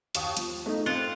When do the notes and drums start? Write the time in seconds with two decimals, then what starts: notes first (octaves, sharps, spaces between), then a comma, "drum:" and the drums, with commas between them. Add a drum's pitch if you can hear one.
0.15 D#2 D#6, drum: hi-hat
0.37 F3, drum: hi-hat
0.66 A3 D#4
0.86 C4 F4 F#5